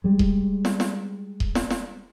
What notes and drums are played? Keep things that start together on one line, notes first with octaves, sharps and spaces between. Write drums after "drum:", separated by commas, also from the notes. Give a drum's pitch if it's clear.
G3 G#3
drum: kick D#1
drum: snare
drum: snare
drum: kick D#1
drum: snare
drum: snare